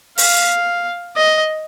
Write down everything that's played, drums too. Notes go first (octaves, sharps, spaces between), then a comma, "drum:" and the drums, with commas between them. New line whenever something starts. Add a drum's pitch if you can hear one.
F5, drum: open hi-hat
D#5